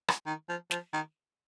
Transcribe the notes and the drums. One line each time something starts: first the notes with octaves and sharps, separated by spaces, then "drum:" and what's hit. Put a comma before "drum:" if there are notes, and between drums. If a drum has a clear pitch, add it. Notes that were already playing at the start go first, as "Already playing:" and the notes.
drum: rim click
D#3
F3
F3, drum: snare
D#3